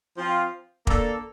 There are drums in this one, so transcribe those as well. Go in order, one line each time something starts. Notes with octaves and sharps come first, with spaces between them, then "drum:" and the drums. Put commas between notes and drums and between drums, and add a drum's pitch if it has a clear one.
F3 C4 F4
A#3 D4 A4, drum: kick